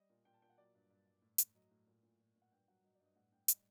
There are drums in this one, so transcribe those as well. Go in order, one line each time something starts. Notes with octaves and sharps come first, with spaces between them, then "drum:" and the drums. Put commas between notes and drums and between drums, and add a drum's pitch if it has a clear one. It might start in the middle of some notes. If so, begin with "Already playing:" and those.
Already playing: G3 D#5
A#2
A#2 G5
A5
A#2 G5
F#5
F#3 D5
G2
G2
G2
A2
A2, drum: hi-hat
F#3 D#5
A2
A#2
A#2
A#2
A#2
F#5
G2 G5
F#3 F#5
F#3 D#5
D5
G2 D#5
A2 F#5
A2 G5
G3 D#5, drum: hi-hat